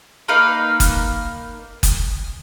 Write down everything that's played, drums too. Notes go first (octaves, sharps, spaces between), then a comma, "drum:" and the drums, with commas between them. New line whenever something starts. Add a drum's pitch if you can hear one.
A#3 D#4 B4 F5
drum: kick F#1, hi-hat
drum: kick F#1, hi-hat